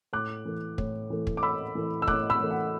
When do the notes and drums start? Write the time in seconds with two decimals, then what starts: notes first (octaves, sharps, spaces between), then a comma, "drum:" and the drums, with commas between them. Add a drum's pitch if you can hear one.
0.13 A2 D6 F#6
0.45 E3 A3
0.78 A2, drum: kick
1.10 E3 A3
1.27 drum: kick
1.37 D6
1.43 A2 B5 E6
1.75 E3 A3
2.02 E6
2.07 A2 D6 F#6, drum: kick
2.30 B5 E6
2.40 E3 A3
2.51 F#5